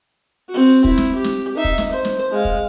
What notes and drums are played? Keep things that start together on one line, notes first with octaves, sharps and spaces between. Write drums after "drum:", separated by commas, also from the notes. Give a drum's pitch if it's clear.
C4 F#4
E4, drum: kick
drum: snare
G4
drum: snare
D#4 E5
drum: kick
drum: snare
C5
drum: snare
G#3 F5
drum: kick